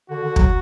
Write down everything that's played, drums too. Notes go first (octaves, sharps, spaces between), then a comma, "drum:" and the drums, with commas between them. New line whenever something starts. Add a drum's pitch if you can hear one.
D3 F#4
D3
F#3, drum: kick